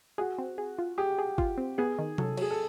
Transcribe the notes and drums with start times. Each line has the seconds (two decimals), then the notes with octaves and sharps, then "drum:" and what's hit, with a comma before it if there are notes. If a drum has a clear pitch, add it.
0.18 F#4 G#4
0.38 C4
0.58 G#4
0.78 F4
0.98 G4 G#4
1.19 G#4
1.38 F4, drum: kick
1.58 C4
1.78 B3 G#4
1.99 D#3
2.18 F#3 A4, drum: tom C3
2.37 F#3 G#4, drum: cymbal
2.51 A4